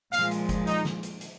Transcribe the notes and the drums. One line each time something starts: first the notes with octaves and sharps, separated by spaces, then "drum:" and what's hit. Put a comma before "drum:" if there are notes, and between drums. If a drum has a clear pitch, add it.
A#2 F3 G#3 F5, drum: hi-hat
drum: hi-hat
drum: kick F#1, hi-hat
D#4, drum: hi-hat
drum: snare
drum: hi-hat
drum: hi-hat